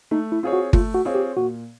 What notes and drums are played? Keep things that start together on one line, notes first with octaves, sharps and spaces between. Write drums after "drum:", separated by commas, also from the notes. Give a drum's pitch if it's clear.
A3 D#4
E4
C4 F4 G#4 C#5
F#4
A3 F4, drum: kick G1
F#4
C4 F4 G#4 C#5
G4
A#2 F#4